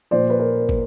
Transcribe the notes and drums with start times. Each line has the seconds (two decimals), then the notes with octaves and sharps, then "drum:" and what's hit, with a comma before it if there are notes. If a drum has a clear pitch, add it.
0.11 A#2 F3 C5 D5
0.30 B4
0.39 A#4
0.69 drum: kick